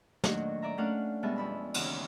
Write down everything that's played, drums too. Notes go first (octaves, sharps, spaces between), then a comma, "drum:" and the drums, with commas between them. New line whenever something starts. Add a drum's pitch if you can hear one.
A#2 D#3 F#3 A3 D4 F#4, drum: snare
D5 E5 A#5
A3 C#4 D4 F5 F#5 A5
B2 G3 G#3 B3 E5 A5
F2 B5 E6
D#2 C#3 E3 C#4 F#4 F#5, drum: cymbal